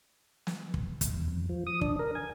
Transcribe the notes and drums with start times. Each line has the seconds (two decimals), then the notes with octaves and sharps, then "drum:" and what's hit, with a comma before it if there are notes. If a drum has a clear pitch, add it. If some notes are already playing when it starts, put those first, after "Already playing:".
0.47 drum: snare
0.74 drum: kick
1.01 drum: kick, hi-hat
1.13 E2
1.28 F2
1.49 F3
1.67 D#6
1.81 D4, drum: kick
1.99 A#4
2.15 G#5